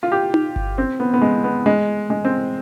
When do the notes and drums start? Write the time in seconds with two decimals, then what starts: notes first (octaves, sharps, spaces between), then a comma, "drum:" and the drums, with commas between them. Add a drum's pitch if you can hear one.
0.03 F4
0.12 G4
0.34 drum: tom D#4
0.56 drum: kick G1
0.78 C4
1.00 B3
1.14 B3
1.22 G#3
1.44 B3
1.66 G#3
2.10 G#3
2.25 C4